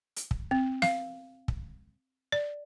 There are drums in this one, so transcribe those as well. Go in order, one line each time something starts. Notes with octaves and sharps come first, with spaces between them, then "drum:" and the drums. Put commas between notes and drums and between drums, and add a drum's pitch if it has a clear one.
drum: hi-hat
drum: kick
C4
F5, drum: snare
drum: kick
D5